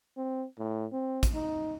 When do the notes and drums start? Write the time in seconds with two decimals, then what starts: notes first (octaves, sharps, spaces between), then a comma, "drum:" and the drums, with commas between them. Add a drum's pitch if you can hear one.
0.17 C4
0.58 A2
0.92 C4
1.23 drum: kick, hi-hat
1.34 D#4